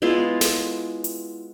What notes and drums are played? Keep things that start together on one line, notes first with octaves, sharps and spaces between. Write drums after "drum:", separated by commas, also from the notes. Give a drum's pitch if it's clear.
G#3 B3 E4 F4
drum: snare
drum: hi-hat